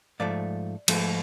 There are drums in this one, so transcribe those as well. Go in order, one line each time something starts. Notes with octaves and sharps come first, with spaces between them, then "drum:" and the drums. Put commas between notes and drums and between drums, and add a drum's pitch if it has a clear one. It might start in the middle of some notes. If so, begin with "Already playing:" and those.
G#2 F3 A3 D5
G#2 F3 A3, drum: cymbal